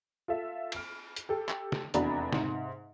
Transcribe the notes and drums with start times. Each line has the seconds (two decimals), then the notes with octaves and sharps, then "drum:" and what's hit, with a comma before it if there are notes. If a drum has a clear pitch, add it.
0.28 F4 A4 E5
0.72 F6 D7, drum: cymbal
1.16 drum: hi-hat
1.29 G4 A4
1.49 drum: clap
1.72 drum: snare
1.94 F1 E2 D4 F#4 A#5 B5, drum: hi-hat
2.33 G#2 C3, drum: snare